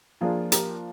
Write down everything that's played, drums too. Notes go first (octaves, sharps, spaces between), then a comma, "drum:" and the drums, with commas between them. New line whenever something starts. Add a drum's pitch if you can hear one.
F3 A#3 D4 F4 G#4
G4 A#4, drum: hi-hat